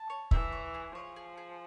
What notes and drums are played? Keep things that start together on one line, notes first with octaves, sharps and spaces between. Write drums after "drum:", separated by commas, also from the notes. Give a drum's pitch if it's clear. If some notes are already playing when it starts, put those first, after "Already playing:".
Already playing: A5
C#5
E3 E5, drum: kick
C#5
G#4
F3 C#5
G#4
G#4